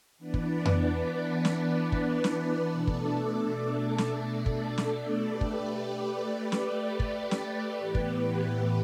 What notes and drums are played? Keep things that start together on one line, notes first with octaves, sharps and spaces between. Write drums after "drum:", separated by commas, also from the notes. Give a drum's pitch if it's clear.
E3 B3 D4 B4 D5
drum: kick
drum: tom F2
drum: snare
drum: kick
drum: snare
B2 A3 D4 A4 D5
drum: kick
drum: snare
drum: kick
drum: snare
A3 G4 B4 D5
drum: kick
drum: snare
drum: kick
drum: snare
A2 E3 B3 G4 B4
drum: kick